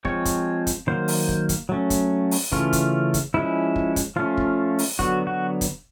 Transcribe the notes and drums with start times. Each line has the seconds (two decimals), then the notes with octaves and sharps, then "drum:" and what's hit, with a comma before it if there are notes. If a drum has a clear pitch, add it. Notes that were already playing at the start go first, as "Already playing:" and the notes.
0.05 F3 G#3 C4 C#5, drum: kick
0.25 drum: kick, hi-hat
0.67 drum: kick, hi-hat
0.87 D#3 F#3 A#3 C5
1.08 drum: open hi-hat
1.28 drum: kick
1.49 drum: kick, hi-hat
1.69 F#3 A3 C#4
1.90 drum: kick, hi-hat
2.31 drum: open hi-hat
2.52 C#3 E3 A3 C#4 F4, drum: kick
2.73 drum: kick, hi-hat
3.14 drum: kick, hi-hat
3.34 F3 G#3 C#4 E4
3.76 drum: kick
3.96 drum: kick, hi-hat
4.16 F3 A3 C#4 F4
4.37 drum: kick
4.79 drum: open hi-hat
4.99 D3 F#3 B3 F#4, drum: kick
5.27 F#4
5.61 drum: kick, hi-hat